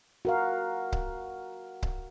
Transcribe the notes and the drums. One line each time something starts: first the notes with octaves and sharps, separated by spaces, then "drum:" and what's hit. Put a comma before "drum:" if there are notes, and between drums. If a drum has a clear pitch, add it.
F#4 A#4 F5
drum: kick C#1
drum: kick C#1